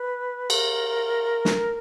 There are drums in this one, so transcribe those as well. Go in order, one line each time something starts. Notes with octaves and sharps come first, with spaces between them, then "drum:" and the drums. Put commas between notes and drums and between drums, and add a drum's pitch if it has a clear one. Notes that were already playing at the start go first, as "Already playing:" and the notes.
Already playing: B4
A#4, drum: cymbal
drum: snare